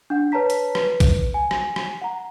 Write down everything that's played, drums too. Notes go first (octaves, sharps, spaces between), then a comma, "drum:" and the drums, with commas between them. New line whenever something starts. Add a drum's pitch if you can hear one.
D4 F#5
B4 C#5 A5 A#5 B6
drum: hi-hat
B4, drum: rim click
drum: kick A#1, hi-hat
G#5
drum: rim click
drum: rim click
F#5 A#5